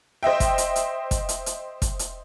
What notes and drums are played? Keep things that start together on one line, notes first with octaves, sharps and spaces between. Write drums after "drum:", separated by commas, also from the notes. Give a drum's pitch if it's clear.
C5 D#5 E5 G5
drum: kick, hi-hat
drum: hi-hat
drum: hi-hat
drum: kick, hi-hat
drum: hi-hat
drum: hi-hat
drum: kick, hi-hat
drum: hi-hat